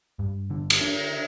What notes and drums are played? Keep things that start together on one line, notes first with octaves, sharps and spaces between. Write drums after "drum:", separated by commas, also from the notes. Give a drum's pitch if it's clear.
G2
D3
drum: cymbal
D4